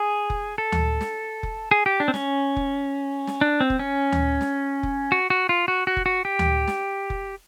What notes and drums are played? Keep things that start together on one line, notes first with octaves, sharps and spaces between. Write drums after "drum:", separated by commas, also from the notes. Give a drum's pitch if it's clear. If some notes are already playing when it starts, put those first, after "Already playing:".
Already playing: G#4
drum: kick F1
A4
drum: tom D2
drum: snare
drum: kick F1
G#4
G4
D4
C4
C#4, drum: snare
drum: kick F1
drum: snare
D4
C4
drum: kick F1
C#4
drum: tom D2
drum: snare
drum: kick F1
F#4
F#4
F4
F#4
F#4
drum: kick F1
F#4
G4
drum: tom D2
drum: snare
drum: kick F1